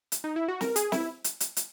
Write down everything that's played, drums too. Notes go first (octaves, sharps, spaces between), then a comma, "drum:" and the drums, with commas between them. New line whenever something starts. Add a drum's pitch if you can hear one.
drum: hi-hat
D#4
E4
F#4
A#4, drum: snare
G#4, drum: hi-hat
E4, drum: snare
drum: hi-hat
drum: hi-hat
drum: hi-hat